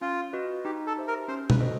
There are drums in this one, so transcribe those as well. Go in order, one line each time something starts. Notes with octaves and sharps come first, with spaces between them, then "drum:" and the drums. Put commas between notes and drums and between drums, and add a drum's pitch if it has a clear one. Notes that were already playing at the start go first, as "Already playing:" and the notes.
C#4 F4
F#4 B4 D#5
D#4 G4
A4
G4 C5 E5
A#4
C#4 C5
B4, drum: tom B2
F#4 A4 C5 D#5